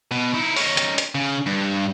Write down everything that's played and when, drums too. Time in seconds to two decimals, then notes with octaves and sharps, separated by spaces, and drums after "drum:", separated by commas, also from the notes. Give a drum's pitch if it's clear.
0.11 B2
0.34 D#4 E4
0.56 C#4 D#4, drum: open hi-hat
0.77 drum: hi-hat
0.98 drum: hi-hat
1.15 C#3
1.46 G2